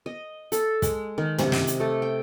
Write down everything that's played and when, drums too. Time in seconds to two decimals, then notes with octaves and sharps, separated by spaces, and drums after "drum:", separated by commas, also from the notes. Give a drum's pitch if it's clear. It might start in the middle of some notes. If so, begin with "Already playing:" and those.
0.06 D#5
0.52 A4, drum: hi-hat
0.82 G#3, drum: kick, hi-hat
1.18 D#3
1.38 C3, drum: tom
1.52 D#5, drum: snare
1.67 drum: hi-hat
1.80 A3
2.02 G5